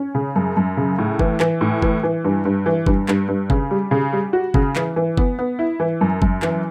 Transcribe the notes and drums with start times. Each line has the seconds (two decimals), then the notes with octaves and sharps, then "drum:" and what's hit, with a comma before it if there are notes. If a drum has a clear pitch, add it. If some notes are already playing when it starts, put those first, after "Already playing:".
Already playing: C#4
0.15 C#3
0.36 F#2
0.57 F#2
0.77 C#3
0.98 A2
1.19 E3, drum: kick F#1
1.40 E3, drum: clap
1.61 A2
1.82 E3, drum: kick F#1
2.03 E3
2.24 G2
2.45 G2
2.66 E3
2.86 G2, drum: kick F#1
3.08 G2, drum: clap
3.28 G2
3.50 C#3, drum: kick F#1
3.71 G3
3.91 C#3
4.13 G3
4.33 F#4
4.54 C#3, drum: kick F#1
4.76 E3, drum: clap
4.96 E3
5.17 B3, drum: kick F#1
5.39 B3
5.59 E4
5.80 E3
6.01 F#2
6.22 F#2, drum: kick F#1
6.42 E3, drum: clap